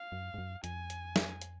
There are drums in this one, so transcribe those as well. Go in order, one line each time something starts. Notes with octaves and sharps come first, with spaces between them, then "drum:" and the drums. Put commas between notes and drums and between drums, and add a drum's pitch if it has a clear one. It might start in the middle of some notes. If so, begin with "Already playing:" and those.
Already playing: F5
F#2
G#2
F#2
F2 G#5, drum: hi-hat
drum: hi-hat
drum: snare
drum: hi-hat